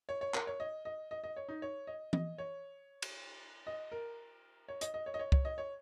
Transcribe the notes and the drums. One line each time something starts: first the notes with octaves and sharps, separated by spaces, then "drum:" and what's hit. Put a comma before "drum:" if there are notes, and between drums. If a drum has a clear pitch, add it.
C#5
C#5
A#4, drum: clap
C#5
D#5
D#5
D#5
D#5
C#5
D#4
C#5
D#5
D#5, drum: tom E3
C#5
drum: cymbal
D#5
A#4
C#5
D#5, drum: hi-hat
D#5
C#5
D#5
C#5
C#5, drum: kick
D#5
C#5